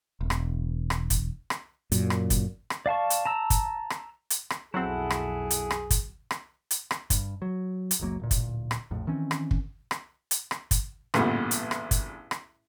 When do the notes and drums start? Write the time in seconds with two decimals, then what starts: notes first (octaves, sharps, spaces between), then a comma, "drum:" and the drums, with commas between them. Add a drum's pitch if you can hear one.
0.21 E1
0.30 drum: rim click
0.90 drum: rim click
1.10 drum: kick, hi-hat
1.50 drum: rim click
1.92 F#2 A#2, drum: hi-hat
2.10 drum: rim click
2.30 drum: kick, hi-hat
2.70 drum: rim click
2.86 D5 F5 A5 C#6
3.10 drum: hi-hat
3.26 A5 A#5 E6
3.50 drum: kick, hi-hat
3.90 drum: rim click
4.30 drum: hi-hat
4.50 drum: rim click
4.74 B1 F2 F#3 C4 E4 G#4 A4 F#5
5.10 drum: rim click
5.50 drum: hi-hat
5.70 drum: rim click
5.91 drum: kick, hi-hat
6.31 drum: rim click
6.71 drum: hi-hat
6.91 drum: rim click
7.10 G2, drum: kick, hi-hat
7.42 F#3
7.91 drum: hi-hat
8.00 F#1 C#2 F#3 A#3
8.20 D1 A#2
8.31 drum: kick, hi-hat
8.71 drum: rim click
8.91 A#1 F2 A2
9.07 D#3 E3 C4 C#4
9.31 drum: rim click
9.51 drum: kick
9.91 drum: rim click
10.31 drum: hi-hat
10.51 drum: rim click
10.71 drum: kick, hi-hat
11.14 A1 E2 G2 A#2 D3 G3, drum: rim click
11.51 drum: hi-hat
11.71 drum: rim click
11.91 drum: kick, hi-hat
12.31 drum: rim click